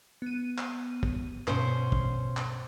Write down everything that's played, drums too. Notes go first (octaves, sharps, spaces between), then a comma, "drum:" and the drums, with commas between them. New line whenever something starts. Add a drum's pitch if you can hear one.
B3 D#7
drum: clap
drum: kick
G2 B2 C#4 C5, drum: clap
drum: kick
drum: clap